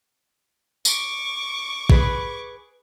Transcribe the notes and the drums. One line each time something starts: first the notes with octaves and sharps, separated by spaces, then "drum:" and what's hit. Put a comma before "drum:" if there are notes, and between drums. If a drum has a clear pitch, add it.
C#6 D6, drum: tambourine
G#4 B4, drum: kick